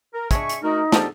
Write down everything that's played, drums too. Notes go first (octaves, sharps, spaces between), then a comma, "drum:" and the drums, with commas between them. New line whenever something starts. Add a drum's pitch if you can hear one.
A#4
G#3 D4 E5 G#5 C#6, drum: kick, hi-hat
drum: hi-hat
A3 D#4 F#4 A#4
F3 G3 B3 D4 G#4 A4, drum: snare